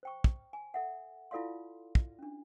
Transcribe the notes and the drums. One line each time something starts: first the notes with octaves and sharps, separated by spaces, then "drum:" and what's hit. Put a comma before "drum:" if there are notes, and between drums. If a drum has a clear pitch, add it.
C5 G5 C#6
drum: kick
G#5
A4 E5 F#5
E4 F4 A4 D5 F5 C6
drum: kick
C#4 D4